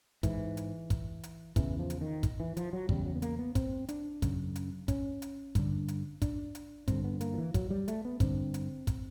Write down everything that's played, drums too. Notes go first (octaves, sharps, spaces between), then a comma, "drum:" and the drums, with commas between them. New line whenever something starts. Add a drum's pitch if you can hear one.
G#2 E3, drum: kick, hi-hat
drum: hi-hat
drum: kick, hi-hat
drum: hi-hat
E2 C#3 E3, drum: kick, hi-hat
F3
drum: hi-hat
D#3
drum: kick, hi-hat
E3
F3, drum: hi-hat
F#3
E2 C#3 G3, drum: kick
F#3
B3
A#3, drum: hi-hat
B3
C4, drum: kick, hi-hat
D4, drum: hi-hat
F#2 C#3, drum: kick, hi-hat
drum: hi-hat
C#4, drum: kick, hi-hat
drum: hi-hat
G2 D3, drum: kick, hi-hat
drum: hi-hat
D4, drum: kick, hi-hat
drum: hi-hat
G2 D3 C4, drum: kick, hi-hat
B3
A#3, drum: hi-hat
F3
E3
F#3, drum: kick, hi-hat
G3
A3, drum: hi-hat
B3
G2 D3 C4, drum: kick, hi-hat
drum: hi-hat
drum: kick, hi-hat